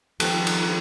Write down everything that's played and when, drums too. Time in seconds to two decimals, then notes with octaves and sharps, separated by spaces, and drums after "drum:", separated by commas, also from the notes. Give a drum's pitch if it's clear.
0.20 D#3 F3 G3 B3 G4 A4, drum: cymbal
0.47 drum: cymbal